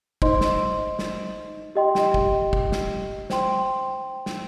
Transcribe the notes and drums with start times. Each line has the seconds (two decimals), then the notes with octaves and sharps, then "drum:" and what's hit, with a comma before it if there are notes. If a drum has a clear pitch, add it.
0.22 D#4 C5 D#5 C6, drum: kick
0.41 drum: snare
0.99 drum: snare
1.75 G4 D#5 G5 C6
1.95 drum: snare
2.14 drum: kick
2.53 drum: kick
2.72 drum: snare
3.30 C5 G5 C6, drum: snare
4.26 drum: snare